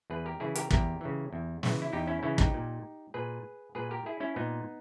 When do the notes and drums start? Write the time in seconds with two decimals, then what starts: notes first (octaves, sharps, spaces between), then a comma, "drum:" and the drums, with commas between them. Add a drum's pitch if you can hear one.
0.10 E2 G#4 B4
0.26 G4 A#4
0.40 C#3 E3 E4 G#4
0.55 G4 A#4, drum: hi-hat
0.71 E2 G4 A#4, drum: kick
1.01 C#3 E3
1.33 E2
1.63 C#3 E3, drum: snare
1.82 E4
1.93 E2 D#4 G4
2.07 C#4 E4
2.23 C#3 E3 C#4 E4
2.38 D#4 G4, drum: kick
2.54 A#2
3.14 A#2 G#4 B4
3.75 A#2 G#4 B4
3.91 G4 A#4
4.06 E4 G#4
4.20 C#4 E4
4.36 A#2 B3 D#4